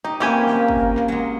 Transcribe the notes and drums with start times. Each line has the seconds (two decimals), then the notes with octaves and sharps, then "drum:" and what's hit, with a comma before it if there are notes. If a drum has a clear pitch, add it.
0.04 D#4 G4
0.20 E3 A#3 C4 C#4 G4 G#5
0.47 drum: snare
0.68 drum: kick
0.97 drum: clap
1.08 F#3 G#3